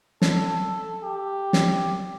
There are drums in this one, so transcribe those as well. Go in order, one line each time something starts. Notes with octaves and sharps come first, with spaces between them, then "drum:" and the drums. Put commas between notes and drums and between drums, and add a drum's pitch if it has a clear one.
A4, drum: snare
G4
drum: snare